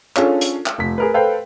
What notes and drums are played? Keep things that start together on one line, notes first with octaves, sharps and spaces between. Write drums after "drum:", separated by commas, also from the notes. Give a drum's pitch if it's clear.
C#4 D4 F4 G#4 A4, drum: clap
drum: hi-hat
drum: clap
F1 B6
G#4 A#4 B4
A4 B4 C5 F5 G5